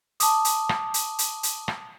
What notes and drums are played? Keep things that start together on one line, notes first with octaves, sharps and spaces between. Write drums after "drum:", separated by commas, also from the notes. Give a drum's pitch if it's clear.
A5 D6 D#6, drum: hi-hat
drum: hi-hat
drum: rim click
drum: hi-hat
drum: hi-hat
drum: hi-hat
drum: rim click